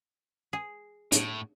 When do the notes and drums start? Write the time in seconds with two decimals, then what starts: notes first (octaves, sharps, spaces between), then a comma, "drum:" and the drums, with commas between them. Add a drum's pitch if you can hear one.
0.53 G#4
1.12 A2, drum: hi-hat